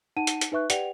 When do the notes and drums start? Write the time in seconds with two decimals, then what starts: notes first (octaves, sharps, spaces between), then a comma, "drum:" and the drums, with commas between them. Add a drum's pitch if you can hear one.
0.17 D#4 F#5 A5 D#7
0.27 drum: hi-hat
0.41 drum: hi-hat
0.52 D#4 B4 E5 C#6 F#6
0.70 G4 B4 D5 F#5 G5 F7, drum: hi-hat